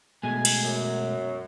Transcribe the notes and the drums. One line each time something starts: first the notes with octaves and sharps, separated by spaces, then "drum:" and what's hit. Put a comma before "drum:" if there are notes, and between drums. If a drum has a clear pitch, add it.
B2 G#3 A3 G#5
drum: cymbal
F#2